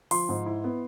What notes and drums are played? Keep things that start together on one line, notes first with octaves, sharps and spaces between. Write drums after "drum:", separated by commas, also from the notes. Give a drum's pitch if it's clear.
F3 C6, drum: open hi-hat
G#2
E4
B3